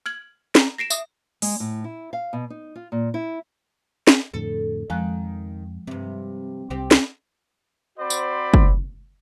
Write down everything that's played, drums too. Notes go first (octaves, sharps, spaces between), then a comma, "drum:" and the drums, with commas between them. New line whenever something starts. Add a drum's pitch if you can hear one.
F6 G#6 F#7
A#5, drum: snare
A#6 C7 D7 E7
E5 D#6, drum: tambourine
G#3, drum: open hi-hat
A2
E4
F5
B2
D#4
F4
A#2
E4
drum: snare
F2 A2 D3 A4
F2 D#3 F3 G#3 F#6
G2 C3 C4
C2 C4 G4
drum: snare
C4 F#4 C5 D5 B5
drum: tambourine
drum: kick F#1